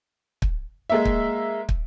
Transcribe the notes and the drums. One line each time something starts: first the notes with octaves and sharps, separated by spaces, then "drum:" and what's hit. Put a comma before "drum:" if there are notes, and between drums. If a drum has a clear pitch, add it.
drum: kick
G#3 A#3 E5
drum: kick
drum: kick